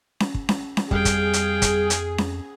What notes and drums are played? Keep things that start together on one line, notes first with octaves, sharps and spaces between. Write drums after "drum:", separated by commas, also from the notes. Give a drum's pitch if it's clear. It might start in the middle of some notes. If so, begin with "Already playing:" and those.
drum: snare C#4
drum: kick
drum: snare C#4
drum: snare C#4
F2 G3 G#4 F5 G5, drum: kick
drum: kick, hi-hat
drum: hi-hat
drum: kick, hi-hat
drum: hi-hat
drum: snare C#4